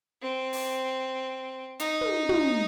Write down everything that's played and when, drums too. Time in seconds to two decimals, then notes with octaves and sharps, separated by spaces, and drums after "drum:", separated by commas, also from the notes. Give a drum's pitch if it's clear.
0.22 C4
0.53 drum: open hi-hat
1.80 D#4, drum: hi-hat
2.01 drum: tom
2.29 drum: tom